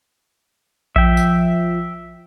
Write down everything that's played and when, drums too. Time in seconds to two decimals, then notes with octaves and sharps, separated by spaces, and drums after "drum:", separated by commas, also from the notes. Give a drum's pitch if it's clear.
0.96 F3 E5 G5, drum: kick A#1
1.17 drum: tambourine